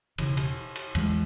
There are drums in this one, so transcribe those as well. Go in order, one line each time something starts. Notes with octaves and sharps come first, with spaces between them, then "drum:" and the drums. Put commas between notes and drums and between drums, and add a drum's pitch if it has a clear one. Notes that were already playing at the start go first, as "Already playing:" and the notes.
E1 E2 C#3 E3, drum: cymbal
drum: cymbal
drum: cymbal
E2 E3 G#3, drum: cymbal